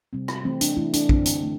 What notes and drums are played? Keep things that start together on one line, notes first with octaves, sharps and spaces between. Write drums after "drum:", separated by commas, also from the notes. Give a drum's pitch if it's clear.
C3 G3 C4
drum: rim click
E3 A3 C4
D4, drum: hi-hat
E3 A3 C4 E4
D4, drum: hi-hat
D3 A3 C4 D4, drum: kick
drum: hi-hat
D3 A3